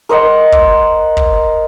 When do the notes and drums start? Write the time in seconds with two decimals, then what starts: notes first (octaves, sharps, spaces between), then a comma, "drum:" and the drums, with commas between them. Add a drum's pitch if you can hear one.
0.09 A#4 C5 D#5 F#5
0.52 drum: kick
1.17 drum: kick